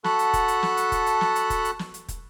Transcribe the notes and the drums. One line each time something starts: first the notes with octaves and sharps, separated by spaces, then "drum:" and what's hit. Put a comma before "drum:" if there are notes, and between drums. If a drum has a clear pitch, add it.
F#4 A4 F#5 A5 B5 F#6, drum: snare
drum: hi-hat
drum: kick, hi-hat
drum: hi-hat
drum: snare
drum: hi-hat
drum: kick, hi-hat
drum: hi-hat
drum: snare
drum: hi-hat
drum: kick, hi-hat
drum: hi-hat
drum: snare
drum: hi-hat
drum: kick, hi-hat